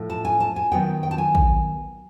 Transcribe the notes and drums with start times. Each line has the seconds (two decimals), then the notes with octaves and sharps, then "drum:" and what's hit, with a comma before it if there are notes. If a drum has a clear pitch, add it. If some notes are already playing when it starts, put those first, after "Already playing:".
Already playing: A2 F3 A3
0.10 A5
0.25 G#5
0.40 A5
0.56 G#5
0.72 D#3 F#3 B3 G5
1.03 G5
1.11 A5
1.18 G#5
1.35 drum: kick